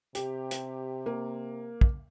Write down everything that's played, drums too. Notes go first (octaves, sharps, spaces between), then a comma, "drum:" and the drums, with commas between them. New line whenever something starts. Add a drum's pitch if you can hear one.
C3 G4, drum: hi-hat
drum: hi-hat
A#3
drum: kick